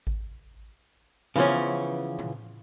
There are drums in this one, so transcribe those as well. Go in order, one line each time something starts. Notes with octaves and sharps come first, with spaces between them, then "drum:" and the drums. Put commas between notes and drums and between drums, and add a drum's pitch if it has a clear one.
drum: kick G#1
C#3 E3 F3 B3 C#4, drum: tom E3
drum: tom A2